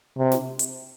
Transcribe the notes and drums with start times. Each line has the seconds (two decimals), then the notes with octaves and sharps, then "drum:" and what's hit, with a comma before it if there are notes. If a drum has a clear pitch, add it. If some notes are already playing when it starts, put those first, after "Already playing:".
0.18 C3
0.32 drum: snare
0.59 drum: hi-hat